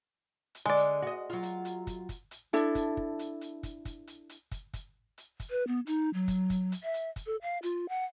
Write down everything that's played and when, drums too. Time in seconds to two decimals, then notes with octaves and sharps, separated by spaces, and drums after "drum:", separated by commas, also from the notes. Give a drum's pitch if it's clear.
0.55 drum: hi-hat
0.66 D3 G#3 D5
0.77 drum: hi-hat
1.02 F#4 D#5
1.30 F#3 F4
1.43 drum: hi-hat
1.65 drum: hi-hat
1.87 drum: kick, hi-hat
2.09 drum: kick, hi-hat
2.31 drum: hi-hat
2.53 D4 E4 A4, drum: hi-hat
2.75 drum: kick, hi-hat
2.97 drum: kick
3.19 drum: hi-hat
3.41 drum: hi-hat
3.63 drum: kick, hi-hat
3.85 drum: kick, hi-hat
4.07 drum: hi-hat
4.29 drum: hi-hat
4.52 drum: kick, hi-hat
4.74 drum: kick, hi-hat
5.18 drum: hi-hat
5.40 drum: kick, hi-hat
5.50 B4
5.67 B3
5.87 D#4, drum: hi-hat
6.14 F#3
6.28 drum: kick, hi-hat
6.50 drum: kick, hi-hat
6.72 drum: hi-hat
6.83 E5
6.94 drum: hi-hat
7.16 drum: kick, hi-hat
7.26 A4
7.42 F5
7.63 F4, drum: hi-hat
7.89 F#5